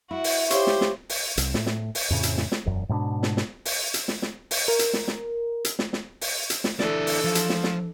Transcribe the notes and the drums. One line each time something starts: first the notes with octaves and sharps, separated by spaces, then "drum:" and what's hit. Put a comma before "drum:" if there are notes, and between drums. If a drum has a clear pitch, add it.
E4 F#4
drum: open hi-hat
G4 C5 C#5 F5 C#6, drum: hi-hat
drum: snare
drum: snare
drum: open hi-hat
C2, drum: hi-hat
A2, drum: snare
drum: snare
drum: open hi-hat
F2 A2 C#3
drum: hi-hat
drum: snare
drum: snare
E1 F#2
G#2 B2 A3 D4
drum: snare
drum: snare
drum: open hi-hat
drum: hi-hat
drum: snare
drum: snare
drum: open hi-hat
A#4
drum: hi-hat
drum: snare
drum: snare
drum: hi-hat
drum: snare
drum: snare
drum: open hi-hat
drum: hi-hat
drum: snare
E3 D4 E4 A4 D5, drum: snare
drum: open hi-hat
F3
drum: hi-hat
drum: snare
drum: snare